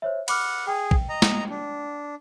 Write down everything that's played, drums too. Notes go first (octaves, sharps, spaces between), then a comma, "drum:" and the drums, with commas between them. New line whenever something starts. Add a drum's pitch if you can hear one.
C5 C#5 E5
F#5 B5 D6 F6, drum: cymbal
G#4 G5
drum: kick
D#5 A#5
drum: snare
D4